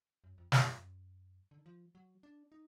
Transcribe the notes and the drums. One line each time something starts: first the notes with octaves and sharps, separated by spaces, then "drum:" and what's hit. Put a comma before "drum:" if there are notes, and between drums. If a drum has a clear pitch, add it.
F#2
F2
F#2, drum: snare
F2
F#2
D3
D#3
F3
F#3
D4
D#4